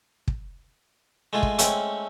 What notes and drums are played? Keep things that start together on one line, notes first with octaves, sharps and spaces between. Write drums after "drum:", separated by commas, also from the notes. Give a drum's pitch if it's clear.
drum: kick
G#3 A3 F4 G#4
drum: kick
G#3 A3 C4 C#4, drum: hi-hat